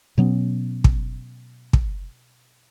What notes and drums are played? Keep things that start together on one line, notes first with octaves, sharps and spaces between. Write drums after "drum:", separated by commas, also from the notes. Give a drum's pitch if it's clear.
B2 F#3 B3 C#4
drum: kick
drum: kick